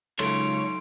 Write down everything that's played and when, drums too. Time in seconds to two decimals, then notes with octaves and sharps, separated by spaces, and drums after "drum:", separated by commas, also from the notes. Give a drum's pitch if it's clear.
0.19 C#2 F#3 D#4 A4 C#5 C6 D7, drum: cymbal